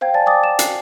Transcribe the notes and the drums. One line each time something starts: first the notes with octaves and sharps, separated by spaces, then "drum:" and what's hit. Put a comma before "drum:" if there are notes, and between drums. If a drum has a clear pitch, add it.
C5 F5 G5 G#6
D5 G#5 A5 A6
G5 D6 D#6 A6
E7
C7, drum: hi-hat